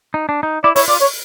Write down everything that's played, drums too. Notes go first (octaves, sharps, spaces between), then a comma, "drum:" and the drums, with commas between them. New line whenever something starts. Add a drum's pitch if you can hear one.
D#4
D4
D#4
E4 D5
E4 C#5, drum: open hi-hat
F4 D5
C#5